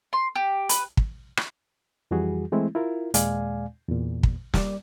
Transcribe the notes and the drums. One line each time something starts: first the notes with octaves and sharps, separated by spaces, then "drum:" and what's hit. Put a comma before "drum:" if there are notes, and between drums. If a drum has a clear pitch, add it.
C6
G4
B4, drum: hi-hat
drum: kick
drum: rim click
F2 E3 G3 F#4 G#4
E3 G#3 A3 C4 E4
E4 F4 A#4
D#2 A#2 G#3 D5 F5 G#5, drum: hi-hat
E2 A#2
drum: kick
G3 D5, drum: snare